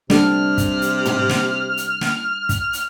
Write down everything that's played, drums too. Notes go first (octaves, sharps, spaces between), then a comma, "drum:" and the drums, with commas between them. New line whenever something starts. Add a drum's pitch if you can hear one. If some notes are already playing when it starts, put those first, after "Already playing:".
C3 G3 D4 G4 A4 F6, drum: snare
drum: kick, hi-hat
drum: hi-hat
drum: tom
drum: snare
drum: hi-hat
drum: snare
drum: kick, hi-hat
drum: hi-hat